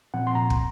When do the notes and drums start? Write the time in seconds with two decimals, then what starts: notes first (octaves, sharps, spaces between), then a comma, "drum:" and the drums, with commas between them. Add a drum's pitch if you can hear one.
0.14 A#2 F3 C4 F#5
0.27 C6
0.35 A#2 A#5
0.50 drum: kick